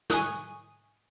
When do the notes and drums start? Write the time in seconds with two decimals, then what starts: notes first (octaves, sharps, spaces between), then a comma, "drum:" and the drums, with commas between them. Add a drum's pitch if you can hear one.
0.10 G#5 C#6 D#6 F#6, drum: snare